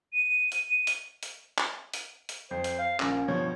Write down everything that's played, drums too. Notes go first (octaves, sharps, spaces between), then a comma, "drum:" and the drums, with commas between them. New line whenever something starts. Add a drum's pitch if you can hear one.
D#7
drum: hi-hat
drum: hi-hat
drum: hi-hat
drum: clap
drum: hi-hat
drum: hi-hat
F2 C5
drum: hi-hat
F5
A#1 A#3 C#4 A#6, drum: clap
G2 B2 F3 C#5